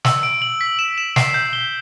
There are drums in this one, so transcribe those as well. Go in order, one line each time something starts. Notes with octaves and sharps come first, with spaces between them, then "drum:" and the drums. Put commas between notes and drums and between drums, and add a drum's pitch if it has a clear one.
E6, drum: snare
D7
F#7
B6
E7
E7
C7, drum: snare
G6
G7